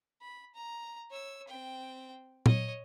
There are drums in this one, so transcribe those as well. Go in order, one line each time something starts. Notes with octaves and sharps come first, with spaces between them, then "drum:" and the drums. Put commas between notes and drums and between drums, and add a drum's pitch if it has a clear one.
B5
A#5
C#5 E6
C4 G5
C#5 D#5, drum: tom A#2